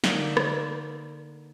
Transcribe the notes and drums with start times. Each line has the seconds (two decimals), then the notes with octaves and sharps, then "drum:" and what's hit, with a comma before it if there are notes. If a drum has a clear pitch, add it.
0.04 D3 A#3 D#4 D6, drum: snare
0.37 drum: rim click